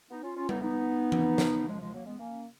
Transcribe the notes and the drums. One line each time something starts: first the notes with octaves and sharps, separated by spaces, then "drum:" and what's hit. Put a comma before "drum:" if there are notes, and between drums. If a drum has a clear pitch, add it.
B3 D#4
C#4 F4
C#4 F4
B3 D#4, drum: tom G3
B3 D#4
drum: tom E3
drum: snare
F3 G#3
F3 G#3
F#3 A#3
G#3 B3
A#3 C#4